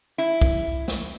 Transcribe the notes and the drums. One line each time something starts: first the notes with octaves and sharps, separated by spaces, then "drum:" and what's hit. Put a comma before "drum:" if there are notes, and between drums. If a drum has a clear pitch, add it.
E4
drum: kick
drum: snare